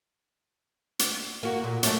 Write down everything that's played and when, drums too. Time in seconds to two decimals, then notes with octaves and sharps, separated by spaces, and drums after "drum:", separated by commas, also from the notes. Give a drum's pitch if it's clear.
0.99 drum: hi-hat
1.43 A#3 F#4
1.64 A#2
1.83 F#3 A3, drum: hi-hat